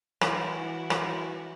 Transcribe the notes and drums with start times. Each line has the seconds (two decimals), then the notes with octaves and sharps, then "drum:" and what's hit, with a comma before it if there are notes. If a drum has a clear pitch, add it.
0.21 E3 E4 F#4, drum: rim click
0.90 drum: rim click